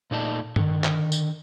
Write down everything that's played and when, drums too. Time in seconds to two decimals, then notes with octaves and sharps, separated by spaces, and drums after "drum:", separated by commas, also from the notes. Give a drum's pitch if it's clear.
0.11 A#2 A3 D#4 D5 D#5 A5
0.56 D3 D#3, drum: tom G2
0.84 drum: clap
1.12 drum: tambourine